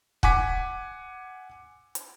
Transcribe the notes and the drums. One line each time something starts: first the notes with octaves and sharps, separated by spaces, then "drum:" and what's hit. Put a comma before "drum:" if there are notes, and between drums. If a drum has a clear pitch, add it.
F#5 G#5 D6 B6, drum: kick
drum: hi-hat